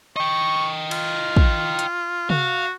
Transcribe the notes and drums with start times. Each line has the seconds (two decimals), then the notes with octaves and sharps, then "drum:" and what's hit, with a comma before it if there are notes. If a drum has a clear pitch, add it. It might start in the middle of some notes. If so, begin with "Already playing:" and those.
0.16 D#5 G5 C#6
0.91 F4, drum: cymbal
1.36 drum: kick
1.79 drum: hi-hat
2.30 F#4 F5, drum: tom